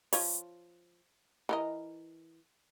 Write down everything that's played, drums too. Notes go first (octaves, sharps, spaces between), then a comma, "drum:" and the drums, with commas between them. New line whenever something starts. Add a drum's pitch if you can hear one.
F3 C#5, drum: open hi-hat
E3 A#4 D#5